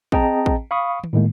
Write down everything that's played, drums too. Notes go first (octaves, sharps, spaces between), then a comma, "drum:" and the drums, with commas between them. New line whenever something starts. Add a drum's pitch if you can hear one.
C4 G#4 D#5 G5 A5 A#5, drum: kick
drum: kick
F5 B5 C#6 D#6
drum: tom
A2 D#3 G#3 A#3